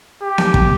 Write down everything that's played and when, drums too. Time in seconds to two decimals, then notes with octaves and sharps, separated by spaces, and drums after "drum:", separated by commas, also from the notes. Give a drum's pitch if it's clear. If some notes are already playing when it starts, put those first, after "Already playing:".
0.23 G4
0.38 drum: snare B3
0.54 drum: kick